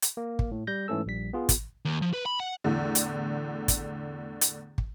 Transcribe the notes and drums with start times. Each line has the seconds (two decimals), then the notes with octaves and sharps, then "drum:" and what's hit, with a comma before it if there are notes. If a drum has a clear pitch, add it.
0.02 drum: hi-hat
0.17 A#3
0.39 drum: kick
0.51 A2
0.67 G3 G6 A#6
0.88 G#2 E3 A3 C#4 A4 E6
1.06 A#1 G3 B6
1.33 B3 F4 G#4
1.49 drum: kick, hi-hat
1.85 D#2
2.02 F3
2.14 B4
2.26 B5
2.40 F#5
2.64 E2 A2 D3
2.95 drum: hi-hat
3.68 drum: kick, hi-hat
4.41 drum: hi-hat
4.78 drum: kick